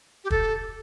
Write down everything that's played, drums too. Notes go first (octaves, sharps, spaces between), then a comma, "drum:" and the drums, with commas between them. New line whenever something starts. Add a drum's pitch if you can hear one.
G4
A4, drum: kick